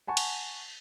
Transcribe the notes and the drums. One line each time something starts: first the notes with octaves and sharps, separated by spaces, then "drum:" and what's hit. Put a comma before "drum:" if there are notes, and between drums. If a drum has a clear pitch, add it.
F#5 G#5 A5 C#6
drum: cymbal